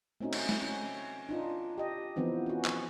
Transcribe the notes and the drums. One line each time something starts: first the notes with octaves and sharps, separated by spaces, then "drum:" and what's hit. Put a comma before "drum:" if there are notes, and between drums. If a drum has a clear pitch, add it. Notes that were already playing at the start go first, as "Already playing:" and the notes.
A3 C4 C#4 D#4 F#4
drum: cymbal
drum: snare
C#4
D4 D#4 F4
G4 D#5
E3 F3 B3 C4 D#4
C#4 F#4
drum: clap